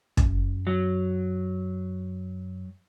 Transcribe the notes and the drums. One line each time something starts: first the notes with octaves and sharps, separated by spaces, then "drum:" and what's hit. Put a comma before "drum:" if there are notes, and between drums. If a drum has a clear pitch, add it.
F#2, drum: kick
F#3